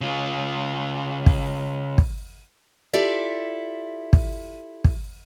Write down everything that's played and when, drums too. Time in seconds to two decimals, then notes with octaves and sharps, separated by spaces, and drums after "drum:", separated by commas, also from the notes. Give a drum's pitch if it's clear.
0.01 C#3 F4
1.26 drum: kick
1.98 drum: kick
2.93 E4 F4 G4 A4 D5 E5
4.13 drum: kick
4.84 drum: kick